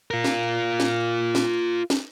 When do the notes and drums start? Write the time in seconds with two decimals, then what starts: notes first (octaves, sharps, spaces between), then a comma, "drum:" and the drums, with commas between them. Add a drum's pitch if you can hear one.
0.11 F4 A#4
0.24 drum: snare
0.80 drum: snare
1.35 drum: snare
1.90 drum: snare